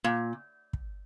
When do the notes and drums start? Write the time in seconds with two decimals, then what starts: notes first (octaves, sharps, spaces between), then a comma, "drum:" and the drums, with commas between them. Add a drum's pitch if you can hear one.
0.04 A#2
0.73 drum: kick